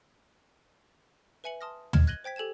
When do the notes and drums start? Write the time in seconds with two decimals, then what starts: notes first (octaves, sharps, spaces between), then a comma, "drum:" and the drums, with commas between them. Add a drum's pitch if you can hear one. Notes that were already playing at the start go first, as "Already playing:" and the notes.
1.44 B4 E5 G#5 C#7 F#7
1.61 A5 C6 D#6 F6 A#6
1.93 D#5 F6 G#6 E7, drum: tom
2.07 F#6 G#6 A#6 D#7 F#7 G7
2.24 C5 G5 G#6 B6
2.36 G4 A4 G#5 G#6 E7